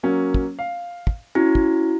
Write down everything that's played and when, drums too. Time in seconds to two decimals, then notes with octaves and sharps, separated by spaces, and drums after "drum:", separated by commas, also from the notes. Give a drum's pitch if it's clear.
0.03 F#3 A#3 C#4
0.34 drum: kick
0.59 F5
1.07 drum: kick
1.35 C#4 E4 F#4
1.55 drum: kick